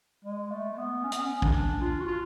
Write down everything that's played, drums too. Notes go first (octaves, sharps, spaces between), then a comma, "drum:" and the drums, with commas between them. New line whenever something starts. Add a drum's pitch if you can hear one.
G#3
A3
A3
B3
C#4
B3, drum: hi-hat
C#4
D4, drum: kick
F4
F#4
F4